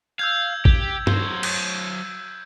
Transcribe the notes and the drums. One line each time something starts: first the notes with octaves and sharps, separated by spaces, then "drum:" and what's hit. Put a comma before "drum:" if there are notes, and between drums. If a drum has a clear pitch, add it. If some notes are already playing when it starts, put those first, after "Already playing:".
F5 E6 G6 G#6
G4, drum: kick A1
F#3 C5, drum: tom G2
drum: cymbal